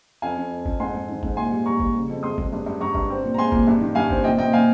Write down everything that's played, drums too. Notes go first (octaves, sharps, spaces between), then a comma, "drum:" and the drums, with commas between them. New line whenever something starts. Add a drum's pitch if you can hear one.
F2 F5 G#5
F2
F2
F2, drum: kick F#1
G#2 G#5 C6
G#2
D#3
G#2, drum: kick F#1
A#2 G#5 C6
G3
G3 A#5 C#6
G3, drum: kick F#1
C#3
F2
G#3 C6 D#6
G#3, drum: kick F#1
G2
G2
G2 A#5 C#6
G2, drum: kick F#1
C4
A#2
A#5
G#3 G#5 C6
A#2, drum: kick F#1
G2
D#3
G2 F5 G#5
C4, drum: kick F#1
A#2 D#5 G5
A#2 D#5 G5
A#2 F5 G#5